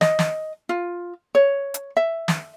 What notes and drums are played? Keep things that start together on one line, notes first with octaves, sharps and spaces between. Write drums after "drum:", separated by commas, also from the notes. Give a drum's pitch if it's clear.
D#5, drum: snare
drum: snare
F4
C#5
drum: hi-hat
E5
drum: snare